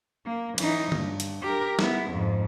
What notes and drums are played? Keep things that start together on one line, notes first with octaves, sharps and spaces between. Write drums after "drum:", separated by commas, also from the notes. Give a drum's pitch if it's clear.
A#3
E3 D#4, drum: cymbal
G2, drum: tom D3
drum: hi-hat
G4 A#4
B3 E4, drum: snare
F2 G#2